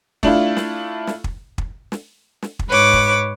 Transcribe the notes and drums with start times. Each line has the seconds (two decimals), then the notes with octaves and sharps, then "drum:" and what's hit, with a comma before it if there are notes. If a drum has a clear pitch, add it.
0.23 A3 D4 E4 F4, drum: kick
0.57 drum: snare
1.07 drum: snare
1.24 drum: kick
1.58 drum: kick
1.92 drum: snare
2.42 drum: snare
2.59 drum: kick
2.68 G#2 B4 C#5 D6
2.93 drum: kick